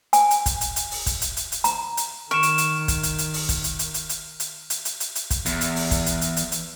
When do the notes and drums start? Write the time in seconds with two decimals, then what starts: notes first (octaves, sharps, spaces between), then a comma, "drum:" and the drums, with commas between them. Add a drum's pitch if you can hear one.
0.13 G#5, drum: hi-hat
0.31 drum: hi-hat
0.46 drum: kick, hi-hat
0.61 drum: hi-hat
0.76 drum: hi-hat
0.91 drum: open hi-hat
1.06 drum: kick, hi-hat
1.22 drum: hi-hat
1.37 drum: hi-hat
1.52 drum: hi-hat
1.64 A#5, drum: hi-hat
1.97 drum: hi-hat
2.31 D#3 C#6 F6 D7 E7
2.43 drum: hi-hat
2.58 drum: hi-hat
2.88 drum: kick, hi-hat
3.03 drum: hi-hat
3.18 drum: hi-hat
3.34 drum: open hi-hat
3.49 drum: kick, hi-hat
3.64 drum: hi-hat
3.79 drum: hi-hat
3.94 drum: hi-hat
4.09 drum: hi-hat
4.40 drum: hi-hat
4.70 drum: hi-hat
4.85 drum: hi-hat
5.00 drum: hi-hat
5.15 drum: hi-hat
5.31 drum: kick, hi-hat
5.46 E2, drum: hi-hat
5.61 drum: hi-hat
5.76 drum: open hi-hat
5.91 drum: kick, hi-hat
6.06 drum: hi-hat
6.21 drum: hi-hat
6.37 drum: hi-hat
6.52 drum: hi-hat